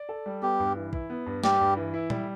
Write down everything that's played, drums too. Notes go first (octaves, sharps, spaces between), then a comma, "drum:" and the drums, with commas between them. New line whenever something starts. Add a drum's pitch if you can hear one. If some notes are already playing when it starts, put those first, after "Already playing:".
Already playing: D5
A4
G3
B3 G4
G2
E3
E4, drum: kick
B3
G2
G3 G4, drum: snare
G2
E3
E4
G3, drum: tom A#2